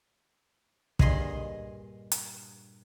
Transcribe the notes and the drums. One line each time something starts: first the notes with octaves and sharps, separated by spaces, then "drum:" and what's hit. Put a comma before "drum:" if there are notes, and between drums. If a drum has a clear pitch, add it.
G2 A#2 G#4 D#5 B5 C6, drum: kick
drum: hi-hat